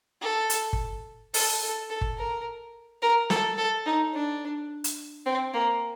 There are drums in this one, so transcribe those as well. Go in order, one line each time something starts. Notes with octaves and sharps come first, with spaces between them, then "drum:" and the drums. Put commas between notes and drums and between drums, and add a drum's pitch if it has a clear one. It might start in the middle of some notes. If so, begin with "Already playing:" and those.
A4
drum: hi-hat
drum: kick G1
A4, drum: open hi-hat
A4
A4
drum: kick G1
A#4
A#4
A4, drum: snare
A4
D#4
D4
drum: hi-hat
C4
A#3